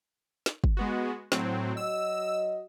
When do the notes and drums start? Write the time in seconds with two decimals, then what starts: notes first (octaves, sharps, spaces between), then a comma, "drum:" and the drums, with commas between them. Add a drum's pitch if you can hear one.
0.46 drum: snare
0.64 drum: kick
0.77 G#3 B3 F#4
1.32 A2 F#3 C4, drum: snare
1.77 F#3 F#4 D#5 E6